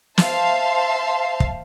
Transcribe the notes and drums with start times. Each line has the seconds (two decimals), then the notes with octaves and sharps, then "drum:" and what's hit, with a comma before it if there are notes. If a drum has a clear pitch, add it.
0.18 C5 E5 F5 A5 C6, drum: snare
1.40 drum: kick